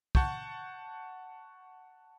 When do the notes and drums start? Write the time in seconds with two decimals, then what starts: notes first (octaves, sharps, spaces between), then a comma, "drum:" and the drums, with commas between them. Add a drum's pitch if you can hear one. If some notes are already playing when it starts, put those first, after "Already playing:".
0.15 F#5 A5 C#6 G6, drum: kick